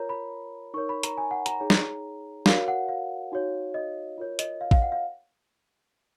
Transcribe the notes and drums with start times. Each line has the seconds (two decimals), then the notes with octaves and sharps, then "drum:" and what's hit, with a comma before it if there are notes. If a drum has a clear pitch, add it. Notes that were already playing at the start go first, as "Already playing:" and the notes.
Already playing: F4 A#4 C#5 A#5
0.09 B5
0.74 D#4 A#4 C#5 C#6
0.89 B5
1.03 A#5, drum: hi-hat
1.17 G#5
1.31 F#5
1.46 A#5, drum: hi-hat
1.60 D#4 G#4 C#5
1.70 drum: snare
2.46 F#4 A#4 C#5 F5, drum: snare
2.68 F#5
2.88 F5
3.32 D#4 F#4 C#5
3.74 D#5
4.18 F4 A#4 C#5
4.39 D#5, drum: hi-hat
4.61 F5
4.71 F5, drum: kick A1
4.82 F#5
4.92 F5